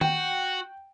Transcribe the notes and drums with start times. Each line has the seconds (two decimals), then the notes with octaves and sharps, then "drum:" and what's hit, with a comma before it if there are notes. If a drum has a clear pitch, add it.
0.01 F#4 G5, drum: tom D#3